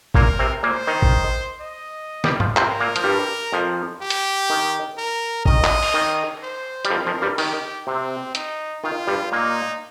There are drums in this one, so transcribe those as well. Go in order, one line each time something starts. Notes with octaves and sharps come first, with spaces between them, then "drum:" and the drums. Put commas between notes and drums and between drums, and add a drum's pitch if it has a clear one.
A#2 A#3 A#4, drum: kick A1
C3 C4
A#2 A#3 C5
D#3 D#4
drum: kick A1
D#5
G3 G4, drum: snare
F3 F4, drum: tom G#2
C3 C4 A#4, drum: clap
A#2 A#3
F3, drum: hi-hat
G2 G3
F2 F3
G4
drum: hi-hat
D#3
A#4
D#3 D#5, drum: kick A1
drum: clap
drum: cymbal
D#3
C5
G3, drum: hi-hat
F2 F3 A#4
F2 F3
G2 G3
D#3 G4, drum: open hi-hat
C3 C4
D#4, drum: hi-hat
D#3 F4
G2 G3
A#2 A#3 D#4